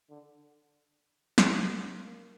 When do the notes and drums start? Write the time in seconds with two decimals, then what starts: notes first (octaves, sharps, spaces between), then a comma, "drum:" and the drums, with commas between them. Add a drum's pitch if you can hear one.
0.10 D3
1.38 drum: snare
1.92 A#3